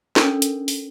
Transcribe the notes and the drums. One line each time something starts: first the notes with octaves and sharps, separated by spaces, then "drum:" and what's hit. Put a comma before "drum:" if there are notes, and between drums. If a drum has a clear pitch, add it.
C#4 D4 A4 A#4 C#5, drum: snare
drum: hi-hat
drum: open hi-hat